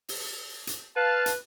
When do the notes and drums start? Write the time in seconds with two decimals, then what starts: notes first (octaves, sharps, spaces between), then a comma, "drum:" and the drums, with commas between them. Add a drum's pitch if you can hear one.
0.09 drum: open hi-hat
0.67 drum: hi-hat
0.96 B4 F5 A5
1.26 drum: hi-hat